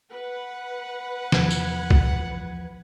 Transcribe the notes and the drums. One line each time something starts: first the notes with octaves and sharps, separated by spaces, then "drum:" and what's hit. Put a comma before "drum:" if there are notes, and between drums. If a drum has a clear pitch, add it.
B4 F#5
E2 F3 G#6, drum: snare
drum: tambourine
drum: kick